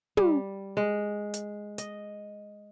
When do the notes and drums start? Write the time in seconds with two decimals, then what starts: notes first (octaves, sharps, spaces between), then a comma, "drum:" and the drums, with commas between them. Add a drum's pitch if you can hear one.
0.17 G3, drum: tom
0.77 G#3
1.34 drum: hi-hat
1.78 D#5, drum: hi-hat